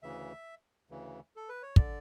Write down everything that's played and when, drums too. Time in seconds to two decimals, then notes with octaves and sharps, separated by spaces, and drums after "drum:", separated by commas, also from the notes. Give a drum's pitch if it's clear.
0.03 D2 C#3 E3 E5
0.90 D2 C#3 E3
1.36 A4
1.49 B4
1.62 C#5
1.76 D3 D5, drum: kick